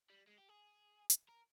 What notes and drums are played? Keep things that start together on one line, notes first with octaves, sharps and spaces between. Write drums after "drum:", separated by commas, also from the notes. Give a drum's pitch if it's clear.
G3
G#3
G4
G#4
drum: hi-hat
A#4